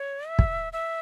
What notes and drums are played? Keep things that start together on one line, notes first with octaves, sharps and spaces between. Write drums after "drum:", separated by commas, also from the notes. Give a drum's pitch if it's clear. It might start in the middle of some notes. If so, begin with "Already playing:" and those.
Already playing: C#5
E5
drum: kick
E5